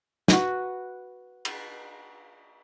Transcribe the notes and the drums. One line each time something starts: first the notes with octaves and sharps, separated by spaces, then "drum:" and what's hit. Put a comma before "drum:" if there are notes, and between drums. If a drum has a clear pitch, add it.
F#4 B4, drum: snare
drum: cymbal